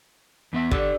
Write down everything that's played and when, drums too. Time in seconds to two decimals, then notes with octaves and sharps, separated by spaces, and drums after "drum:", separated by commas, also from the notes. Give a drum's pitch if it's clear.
0.53 E2 B3 E5
0.71 D3 G4 A4, drum: kick